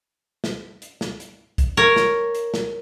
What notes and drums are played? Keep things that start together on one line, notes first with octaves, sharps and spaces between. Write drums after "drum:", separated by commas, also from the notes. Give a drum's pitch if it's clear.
drum: snare
drum: hi-hat
drum: snare
drum: hi-hat
drum: kick B1, hi-hat
A#4 C#5
drum: snare
drum: hi-hat
drum: snare